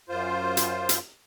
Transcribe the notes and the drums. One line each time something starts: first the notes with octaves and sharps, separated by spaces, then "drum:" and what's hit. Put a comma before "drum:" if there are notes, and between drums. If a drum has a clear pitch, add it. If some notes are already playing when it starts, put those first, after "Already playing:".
F#2 F4 C5
drum: hi-hat
drum: hi-hat